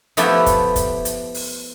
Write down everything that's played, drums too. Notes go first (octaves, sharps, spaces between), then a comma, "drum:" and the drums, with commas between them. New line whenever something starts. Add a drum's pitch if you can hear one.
F3 A3 B3 E4 G4 A4, drum: hi-hat
drum: kick, hi-hat
drum: kick, hi-hat
drum: hi-hat
drum: open hi-hat